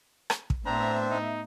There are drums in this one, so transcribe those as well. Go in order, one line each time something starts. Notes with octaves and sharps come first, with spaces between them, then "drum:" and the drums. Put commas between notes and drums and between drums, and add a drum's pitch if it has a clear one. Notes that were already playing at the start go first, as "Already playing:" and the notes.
drum: rim click
drum: kick
A2 B3 C4 D4 C5 E5 A#5
D#4